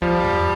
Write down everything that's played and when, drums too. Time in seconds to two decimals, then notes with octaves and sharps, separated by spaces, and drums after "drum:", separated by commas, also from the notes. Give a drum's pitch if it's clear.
0.02 F3 G3, drum: kick
0.24 drum: tom E2